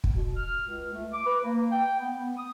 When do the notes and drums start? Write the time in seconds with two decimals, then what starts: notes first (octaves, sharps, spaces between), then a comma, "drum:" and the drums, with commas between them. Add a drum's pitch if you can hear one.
0.04 drum: kick
0.14 B2
0.37 F6
0.67 C#2
0.93 A3
1.13 D6
1.26 B4
1.44 A#3
1.71 G5
1.99 B3
2.17 B3
2.38 D#6